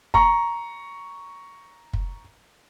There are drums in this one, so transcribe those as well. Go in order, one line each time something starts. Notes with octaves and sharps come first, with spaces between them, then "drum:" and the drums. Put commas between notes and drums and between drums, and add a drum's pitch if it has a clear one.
A#5 C#6, drum: kick
drum: kick